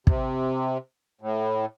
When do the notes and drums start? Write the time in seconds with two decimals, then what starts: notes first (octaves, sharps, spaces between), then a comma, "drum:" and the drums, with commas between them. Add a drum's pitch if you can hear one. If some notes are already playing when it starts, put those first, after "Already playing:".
0.07 C3, drum: kick
1.21 A2